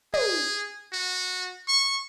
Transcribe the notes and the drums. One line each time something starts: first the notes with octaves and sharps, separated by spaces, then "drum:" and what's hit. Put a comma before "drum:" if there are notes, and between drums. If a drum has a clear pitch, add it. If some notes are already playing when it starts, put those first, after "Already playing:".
G#4, drum: tom
F#4
C#6